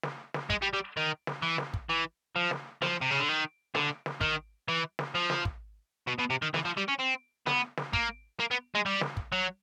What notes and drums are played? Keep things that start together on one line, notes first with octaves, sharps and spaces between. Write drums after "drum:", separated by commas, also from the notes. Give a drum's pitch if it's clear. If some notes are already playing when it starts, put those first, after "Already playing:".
drum: snare
drum: snare
G#3, drum: kick
G3
G3
D#3
drum: snare
E3
drum: snare
drum: kick
E3
F3
drum: snare
F3, drum: snare
C3
C#3
D3
D#3
D3, drum: snare
drum: snare
D#3, drum: kick
E3
drum: snare
F3
drum: snare
drum: kick
B2
B2
C3
D#3
E3, drum: snare
F3
G3
C#4
C4
B3, drum: snare
drum: snare
A#3, drum: kick
A#3
B3
G#3
G3
drum: snare
drum: kick
F#3